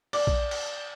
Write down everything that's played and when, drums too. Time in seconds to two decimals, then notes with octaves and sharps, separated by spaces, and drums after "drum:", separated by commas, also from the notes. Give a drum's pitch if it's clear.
0.13 D5, drum: cymbal
0.27 drum: kick A#1
0.51 drum: cymbal